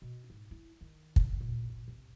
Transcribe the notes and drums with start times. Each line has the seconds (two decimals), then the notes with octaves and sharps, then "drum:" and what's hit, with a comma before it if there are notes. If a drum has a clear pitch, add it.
0.02 B2
0.30 G#2
0.51 E4
0.81 D#3
1.16 drum: kick
1.26 D3
1.41 A#2
1.70 A#2
1.88 C3